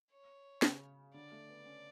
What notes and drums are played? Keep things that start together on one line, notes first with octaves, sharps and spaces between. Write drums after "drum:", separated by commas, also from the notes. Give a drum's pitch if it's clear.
C#5
C#3, drum: snare
D3 D5
A3
B3
C#4